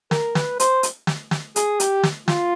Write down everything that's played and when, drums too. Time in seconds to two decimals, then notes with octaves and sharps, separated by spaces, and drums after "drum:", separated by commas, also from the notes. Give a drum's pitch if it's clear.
0.11 A#4, drum: snare
0.35 B4, drum: snare
0.60 C5, drum: hi-hat
0.83 drum: hi-hat
1.07 drum: snare
1.31 drum: snare
1.56 G#4, drum: hi-hat
1.80 G4, drum: hi-hat
2.03 drum: snare
2.28 F4, drum: snare